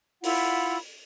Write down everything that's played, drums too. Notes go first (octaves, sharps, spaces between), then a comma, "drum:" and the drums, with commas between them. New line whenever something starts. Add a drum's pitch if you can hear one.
E4 F4 F#5 B5, drum: open hi-hat